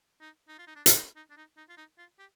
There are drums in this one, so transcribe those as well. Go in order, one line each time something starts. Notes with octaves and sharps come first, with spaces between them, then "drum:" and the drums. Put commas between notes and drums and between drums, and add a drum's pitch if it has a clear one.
D#4
D#4
F4
D#4
D4
drum: hi-hat
D#4
D#4
D4
D#4
D#4
F4
D#4
F4
G4